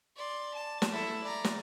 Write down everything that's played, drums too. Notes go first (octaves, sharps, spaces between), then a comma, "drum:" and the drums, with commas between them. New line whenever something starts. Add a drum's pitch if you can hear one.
D5 C6
A5
drum: snare
E4 A4
D5 A#5
drum: snare